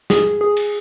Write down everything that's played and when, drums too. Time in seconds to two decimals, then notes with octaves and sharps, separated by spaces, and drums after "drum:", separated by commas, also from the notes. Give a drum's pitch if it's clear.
0.10 G#4, drum: snare
0.41 G#4
0.57 drum: cymbal